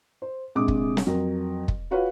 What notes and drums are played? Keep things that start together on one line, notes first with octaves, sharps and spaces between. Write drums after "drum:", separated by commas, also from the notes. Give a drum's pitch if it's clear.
C5
A#1 C3 G#3 G#4 D6 D#6
drum: kick
drum: snare
F2 F#3 A#4
drum: kick
F4 F#4 B4 C#5 F5